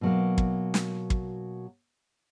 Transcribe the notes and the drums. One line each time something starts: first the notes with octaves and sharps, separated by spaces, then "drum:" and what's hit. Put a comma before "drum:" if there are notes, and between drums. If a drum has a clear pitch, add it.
B2 F#3 A#3
drum: kick
drum: snare
drum: kick